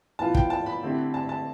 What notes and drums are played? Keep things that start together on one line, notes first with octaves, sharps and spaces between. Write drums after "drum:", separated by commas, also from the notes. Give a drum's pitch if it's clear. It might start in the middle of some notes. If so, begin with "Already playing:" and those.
A2 E3 B3 F4 A5
G5, drum: kick
A5
B5
D3 A3 C4 E4 G4
A5
A5